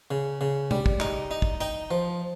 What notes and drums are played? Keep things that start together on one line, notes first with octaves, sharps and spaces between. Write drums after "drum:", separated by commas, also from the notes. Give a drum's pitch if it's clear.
C#3
C#3
G3, drum: tom C3
drum: kick
D#4, drum: clap
D#4
drum: kick
D#4 G5
F3